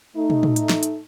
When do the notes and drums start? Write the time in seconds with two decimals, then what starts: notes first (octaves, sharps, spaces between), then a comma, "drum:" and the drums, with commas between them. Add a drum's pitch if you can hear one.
0.17 A3 D#4
0.30 drum: tom
0.43 drum: tom
0.56 drum: hi-hat
0.69 drum: snare
0.83 drum: hi-hat